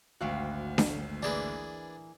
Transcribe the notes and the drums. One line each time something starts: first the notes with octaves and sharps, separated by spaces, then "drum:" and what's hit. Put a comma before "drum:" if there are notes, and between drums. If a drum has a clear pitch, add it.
G#1 D2 F#4 F5 G5
drum: snare D4
E3 A#3 D4 G#4 B4